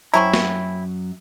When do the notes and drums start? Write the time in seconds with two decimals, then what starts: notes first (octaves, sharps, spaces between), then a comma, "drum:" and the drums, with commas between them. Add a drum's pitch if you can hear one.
0.14 F#2 F#3 C4 C#4 E4 A#5
0.34 drum: snare